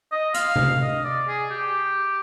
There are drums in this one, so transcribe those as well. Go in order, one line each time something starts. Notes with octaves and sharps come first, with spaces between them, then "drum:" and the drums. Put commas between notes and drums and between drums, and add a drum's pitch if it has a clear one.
D#5
F5, drum: hi-hat
drum: tom C3
D#5
D5
G#4
G4